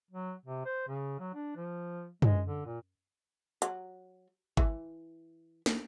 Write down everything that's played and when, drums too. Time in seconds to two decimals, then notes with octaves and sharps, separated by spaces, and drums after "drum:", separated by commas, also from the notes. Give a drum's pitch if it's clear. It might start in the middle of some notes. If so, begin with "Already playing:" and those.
0.11 F#3
0.46 C3
0.65 C5
0.88 C#3
1.19 F#3
1.34 D4
1.56 F3
2.22 G#3, drum: tom
2.45 D3
2.66 A#2
3.62 F#3, drum: hi-hat
4.57 E3, drum: kick G#1
5.66 drum: snare